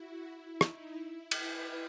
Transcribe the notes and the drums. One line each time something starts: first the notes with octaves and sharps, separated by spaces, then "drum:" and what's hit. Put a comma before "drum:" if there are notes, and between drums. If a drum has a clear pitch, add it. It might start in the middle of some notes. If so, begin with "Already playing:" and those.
Already playing: E4 F#4
E4
D#4, drum: rim click
E4
B4, drum: cymbal